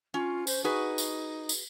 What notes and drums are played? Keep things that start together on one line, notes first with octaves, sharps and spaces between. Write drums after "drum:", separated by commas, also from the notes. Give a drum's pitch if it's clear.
C#4 F4
C5, drum: tambourine
D#4 F#4 G#4 B4
drum: tambourine
drum: tambourine